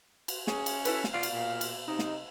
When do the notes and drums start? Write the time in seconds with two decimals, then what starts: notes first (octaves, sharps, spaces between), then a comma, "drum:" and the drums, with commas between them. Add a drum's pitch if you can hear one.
0.28 drum: cymbal
0.47 C#4 G#4, drum: snare
0.66 drum: cymbal
0.85 E4 A4 B4, drum: cymbal
1.04 drum: snare
1.13 B2 F4 D5 F5
1.23 drum: cymbal
1.33 A#2
1.61 drum: cymbal
1.88 C3 D#4
1.99 drum: snare